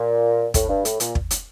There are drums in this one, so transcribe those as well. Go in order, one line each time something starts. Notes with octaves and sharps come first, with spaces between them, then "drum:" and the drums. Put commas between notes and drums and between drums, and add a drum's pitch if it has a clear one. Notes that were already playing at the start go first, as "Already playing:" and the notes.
Already playing: A#2
A2, drum: kick, hi-hat
G2
A2, drum: hi-hat
A#2, drum: hi-hat
drum: kick
drum: hi-hat